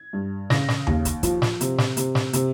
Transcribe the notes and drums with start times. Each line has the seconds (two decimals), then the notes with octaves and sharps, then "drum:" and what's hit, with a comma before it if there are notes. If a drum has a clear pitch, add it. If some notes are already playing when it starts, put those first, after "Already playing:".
Already playing: G#6
0.13 G2
0.50 C#3 A#6, drum: snare
0.69 drum: snare
0.87 D#2, drum: tom D#2
1.05 drum: kick, hi-hat
1.23 F3, drum: kick, hi-hat
1.42 drum: snare
1.61 C3, drum: hi-hat
1.78 drum: snare
1.97 C3, drum: hi-hat
2.15 drum: snare
2.33 C3, drum: hi-hat